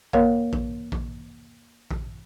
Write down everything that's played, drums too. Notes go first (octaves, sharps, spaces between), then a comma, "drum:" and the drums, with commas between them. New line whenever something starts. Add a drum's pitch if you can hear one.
A#3 A#4 C#5 F5, drum: kick A#1
drum: kick A#1
drum: kick A#1
drum: kick A#1